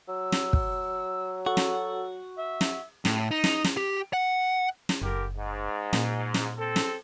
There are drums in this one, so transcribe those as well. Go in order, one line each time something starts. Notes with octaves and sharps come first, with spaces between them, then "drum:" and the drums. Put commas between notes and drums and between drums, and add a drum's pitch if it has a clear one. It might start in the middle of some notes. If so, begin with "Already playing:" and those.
F#3 E6
drum: snare
drum: kick
F#4 A4
drum: snare
E5
drum: snare
A2, drum: snare
D#4
drum: snare
drum: snare
G4
F#5
drum: snare
F#1 D3 G4 A#4
G#2
A#2, drum: snare
drum: snare
C4 A4
drum: snare